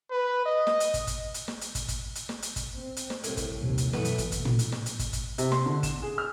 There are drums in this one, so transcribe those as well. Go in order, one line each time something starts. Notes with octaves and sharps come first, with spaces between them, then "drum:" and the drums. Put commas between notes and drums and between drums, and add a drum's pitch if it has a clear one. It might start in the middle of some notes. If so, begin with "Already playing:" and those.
B4
D#5
drum: snare
drum: hi-hat
drum: kick, hi-hat
drum: kick, hi-hat
drum: hi-hat
drum: snare
drum: hi-hat
drum: kick, hi-hat
drum: kick, hi-hat
drum: hi-hat
drum: snare
drum: hi-hat
drum: kick, hi-hat
C4
drum: hi-hat
drum: snare
C2 A2, drum: hi-hat
drum: kick, hi-hat
A#1 D#2 C3
drum: hi-hat
F#2 B2 E3 A3 B3, drum: snare
drum: hi-hat
drum: kick, hi-hat
drum: kick, hi-hat
drum: tom
drum: hi-hat
drum: snare
drum: hi-hat
drum: kick, hi-hat
drum: kick, hi-hat
C3, drum: hi-hat
C6, drum: snare
D3
E7, drum: kick, hi-hat
G#4
F6